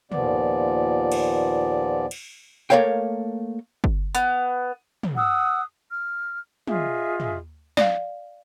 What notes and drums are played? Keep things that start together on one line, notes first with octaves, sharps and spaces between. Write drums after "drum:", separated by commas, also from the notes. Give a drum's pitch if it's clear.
D#2 A#2 F3 B3 D5, drum: tom
drum: cymbal
drum: cymbal
A3 A#3 A#4 C#5 F5 G5
drum: kick G1
B3, drum: hi-hat
drum: tom
F#5 D#6 E6 F#6
F6
F4 G#4 D#5 E5, drum: tom
drum: tom
D5 F5, drum: snare